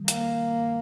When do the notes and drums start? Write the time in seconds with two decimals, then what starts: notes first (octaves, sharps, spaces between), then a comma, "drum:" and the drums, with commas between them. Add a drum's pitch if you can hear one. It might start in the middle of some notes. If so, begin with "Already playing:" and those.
Already playing: D#3 G3
0.08 A#3, drum: hi-hat